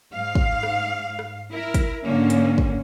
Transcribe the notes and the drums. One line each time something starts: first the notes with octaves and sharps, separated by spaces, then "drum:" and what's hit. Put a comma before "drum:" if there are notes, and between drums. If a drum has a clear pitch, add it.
G#2 F5
drum: kick
drum: rim click
drum: rim click
E4 A#4
drum: kick, hi-hat
G#2 D3 A#3 C#4
drum: hi-hat
drum: kick